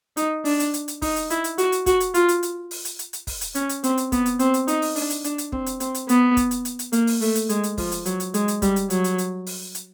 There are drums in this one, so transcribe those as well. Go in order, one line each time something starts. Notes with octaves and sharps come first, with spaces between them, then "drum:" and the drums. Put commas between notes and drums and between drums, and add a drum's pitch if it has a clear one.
D#4, drum: hi-hat
D4, drum: open hi-hat
drum: hi-hat
drum: hi-hat
drum: hi-hat
D#4, drum: kick, open hi-hat
drum: hi-hat
E4, drum: hi-hat
drum: hi-hat
F#4, drum: hi-hat
drum: hi-hat
F#4, drum: kick, hi-hat
drum: hi-hat
F4, drum: hi-hat
drum: hi-hat
drum: hi-hat
drum: open hi-hat
drum: hi-hat
drum: hi-hat
drum: hi-hat
drum: kick, open hi-hat
drum: hi-hat
C#4, drum: hi-hat
drum: hi-hat
C4, drum: hi-hat
drum: hi-hat
B3, drum: kick, hi-hat
drum: hi-hat
C4, drum: hi-hat
drum: hi-hat
D#4, drum: hi-hat
drum: open hi-hat
D4, drum: open hi-hat
drum: hi-hat
D4, drum: hi-hat
drum: hi-hat
C4, drum: kick
drum: hi-hat
C4, drum: hi-hat
drum: hi-hat
B3, drum: hi-hat
drum: kick, hi-hat
drum: hi-hat
drum: hi-hat
drum: hi-hat
A#3, drum: hi-hat
drum: open hi-hat
A3, drum: open hi-hat
drum: hi-hat
G#3, drum: hi-hat
drum: hi-hat
F3, drum: kick, open hi-hat
drum: hi-hat
F#3, drum: hi-hat
drum: hi-hat
G#3, drum: hi-hat
drum: hi-hat
G3, drum: kick, hi-hat
drum: hi-hat
F#3, drum: hi-hat
drum: hi-hat
drum: hi-hat
drum: open hi-hat
drum: hi-hat